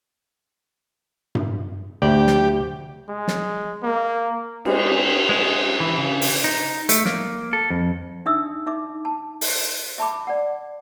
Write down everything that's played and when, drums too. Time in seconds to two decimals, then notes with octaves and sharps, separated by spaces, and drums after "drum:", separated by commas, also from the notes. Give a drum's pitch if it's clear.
1.35 drum: tom G2
2.02 D2 G4 D5
2.27 drum: snare
3.09 G#3
3.28 drum: snare
3.83 A#3
4.65 G#3, drum: cymbal
5.29 G#3
5.80 E3
5.98 C#3
6.21 drum: open hi-hat
6.44 D#4
6.89 A3, drum: hi-hat
7.05 A#3, drum: snare
7.53 A4
7.70 F2
8.26 D4 D#4 E5 D#6 E6
8.66 D#4 E5 D6
9.05 A5
9.41 drum: open hi-hat
9.98 E5 A5 B5 D6
10.27 D5 F#5